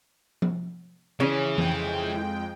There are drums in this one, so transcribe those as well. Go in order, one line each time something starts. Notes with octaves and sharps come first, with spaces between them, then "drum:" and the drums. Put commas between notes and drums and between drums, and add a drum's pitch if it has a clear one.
drum: tom F3
C#3 E3 C#4
F2 G#3 G5, drum: tom E3